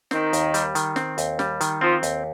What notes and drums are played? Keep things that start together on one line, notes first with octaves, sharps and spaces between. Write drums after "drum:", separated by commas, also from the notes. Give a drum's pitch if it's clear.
D#3 C4 D#4, drum: snare
D#2, drum: hi-hat
G3, drum: hi-hat
D#3, drum: hi-hat
C4, drum: snare
D#2, drum: hi-hat
G3, drum: snare
D#3, drum: hi-hat
F3 C4 F4
D#2, drum: hi-hat